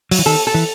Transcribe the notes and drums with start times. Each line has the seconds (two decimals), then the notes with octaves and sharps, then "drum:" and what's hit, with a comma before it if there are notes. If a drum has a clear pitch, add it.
0.11 F#3, drum: open hi-hat
0.19 E3
0.26 D#3 A4
0.47 A4
0.54 E3